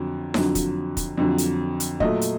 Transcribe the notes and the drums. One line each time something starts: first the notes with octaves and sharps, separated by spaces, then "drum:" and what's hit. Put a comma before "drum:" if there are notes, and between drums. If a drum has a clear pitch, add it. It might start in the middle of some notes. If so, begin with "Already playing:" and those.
Already playing: F2 D3 F#3
F2 D3 F#3, drum: snare D#4
drum: kick, hi-hat
drum: kick, hi-hat
F2 D3 F#3
drum: hi-hat
drum: hi-hat
A#2 F#3 A3 D#5, drum: kick
drum: hi-hat